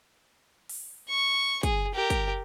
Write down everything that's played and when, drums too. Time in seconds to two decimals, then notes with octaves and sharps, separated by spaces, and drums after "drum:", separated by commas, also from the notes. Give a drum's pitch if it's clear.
0.69 drum: open hi-hat
1.09 C#6
1.63 G#4, drum: kick, hi-hat
1.94 G4 A#4
2.10 drum: kick, hi-hat